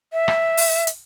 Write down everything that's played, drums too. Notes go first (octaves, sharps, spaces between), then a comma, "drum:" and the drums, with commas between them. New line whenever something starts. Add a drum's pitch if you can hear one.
E5
drum: rim click
drum: open hi-hat
drum: hi-hat